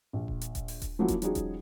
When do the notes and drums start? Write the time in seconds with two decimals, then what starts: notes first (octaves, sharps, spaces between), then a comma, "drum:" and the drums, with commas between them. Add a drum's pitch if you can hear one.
0.13 A#1
0.28 drum: kick D#1
0.41 drum: hi-hat
0.55 drum: kick D#1, hi-hat
0.68 drum: open hi-hat
0.82 drum: kick D#1, hi-hat
0.99 F3 F#3 A#3 C#4 E4 F#4
1.08 drum: kick D#1, hi-hat
1.22 F3 G3 C#4 D#4 F#4 G#4, drum: hi-hat
1.35 drum: kick D#1, hi-hat